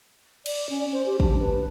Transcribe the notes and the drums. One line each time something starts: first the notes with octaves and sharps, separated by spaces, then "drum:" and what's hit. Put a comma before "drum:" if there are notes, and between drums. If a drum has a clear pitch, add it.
D5, drum: cymbal
C#4
C5
G4
D4, drum: kick
B4